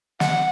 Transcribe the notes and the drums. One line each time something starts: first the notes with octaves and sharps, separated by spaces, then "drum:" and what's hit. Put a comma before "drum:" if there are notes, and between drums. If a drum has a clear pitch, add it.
F#5, drum: snare